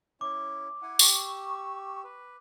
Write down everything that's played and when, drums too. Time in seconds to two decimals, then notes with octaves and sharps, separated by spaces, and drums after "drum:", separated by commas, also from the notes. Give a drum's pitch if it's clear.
0.21 C#4 E4 D6
0.82 E4 F#5 G#5
0.99 G4 C#6 E6, drum: tambourine
2.04 B4